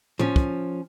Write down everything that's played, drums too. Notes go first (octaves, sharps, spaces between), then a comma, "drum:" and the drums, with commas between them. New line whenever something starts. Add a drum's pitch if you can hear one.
F3 C#4, drum: tom A2
drum: kick